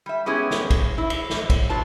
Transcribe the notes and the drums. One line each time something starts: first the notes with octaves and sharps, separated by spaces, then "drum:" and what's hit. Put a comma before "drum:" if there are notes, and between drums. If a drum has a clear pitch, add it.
G3 E5
G#3 B3 C#4 E4 G4 G#4
drum: snare
drum: kick, cymbal
E4
drum: cymbal
drum: snare
drum: kick, cymbal
F#3 F4 B4 A5